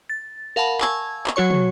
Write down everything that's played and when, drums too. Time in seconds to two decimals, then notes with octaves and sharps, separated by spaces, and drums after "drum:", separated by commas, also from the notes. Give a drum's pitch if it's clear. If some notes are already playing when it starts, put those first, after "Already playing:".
0.10 A6
0.56 A#4 F5 F#5 A5 B5
0.81 G#5 A5 C#6 E6 G#6, drum: clap
1.27 drum: clap
1.36 F#3 F#4 C#5 C#6
1.50 drum: tom